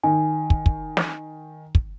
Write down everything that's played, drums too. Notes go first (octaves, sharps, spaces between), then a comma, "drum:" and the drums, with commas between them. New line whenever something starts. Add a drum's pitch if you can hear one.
D#3 G#5
drum: kick
drum: kick
drum: snare
drum: kick